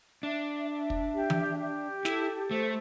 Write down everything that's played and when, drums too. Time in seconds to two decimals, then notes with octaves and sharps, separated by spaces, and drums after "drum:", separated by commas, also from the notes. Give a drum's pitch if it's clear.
0.23 D4 E5
0.69 E5
0.90 drum: kick
1.15 G4
1.30 drum: tom E3
1.59 G4
2.05 E4 A4, drum: snare
2.51 A3 C5